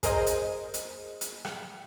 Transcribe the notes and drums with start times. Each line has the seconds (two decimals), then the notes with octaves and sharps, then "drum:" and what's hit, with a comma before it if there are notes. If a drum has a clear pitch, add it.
0.03 G#4 A#4 C5 D#5, drum: kick, hi-hat
0.26 drum: hi-hat
0.74 drum: hi-hat
1.21 drum: hi-hat
1.45 drum: rim click